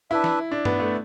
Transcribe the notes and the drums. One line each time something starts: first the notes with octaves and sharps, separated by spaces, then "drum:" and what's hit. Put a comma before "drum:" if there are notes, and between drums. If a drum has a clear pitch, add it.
D4 E4 B4 E5
drum: snare
D4
B3, drum: tom G2
A3